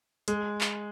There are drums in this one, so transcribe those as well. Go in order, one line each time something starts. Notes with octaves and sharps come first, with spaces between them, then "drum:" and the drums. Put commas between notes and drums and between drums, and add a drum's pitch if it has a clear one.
G#3, drum: hi-hat
drum: clap